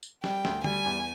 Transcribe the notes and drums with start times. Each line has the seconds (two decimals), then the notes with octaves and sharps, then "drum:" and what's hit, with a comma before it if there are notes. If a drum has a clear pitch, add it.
0.03 drum: tambourine
0.24 G3 G5, drum: snare
0.45 D2, drum: snare
0.64 G3 G#5, drum: tom
0.85 E2